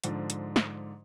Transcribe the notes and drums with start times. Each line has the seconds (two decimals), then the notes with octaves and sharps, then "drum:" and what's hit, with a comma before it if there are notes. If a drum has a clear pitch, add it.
0.04 G#2 D3 F3, drum: hi-hat
0.30 drum: hi-hat
0.56 drum: snare